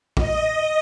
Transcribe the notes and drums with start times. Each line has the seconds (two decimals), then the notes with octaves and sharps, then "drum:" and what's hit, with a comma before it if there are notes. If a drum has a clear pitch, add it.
0.17 D#5, drum: kick A#1